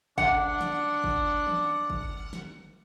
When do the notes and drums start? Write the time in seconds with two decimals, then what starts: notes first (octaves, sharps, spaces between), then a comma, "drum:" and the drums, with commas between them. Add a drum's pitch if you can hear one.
0.18 D4 F#5, drum: kick
0.61 drum: snare
1.04 drum: kick
1.47 drum: tom D#3
1.90 drum: kick
2.33 drum: snare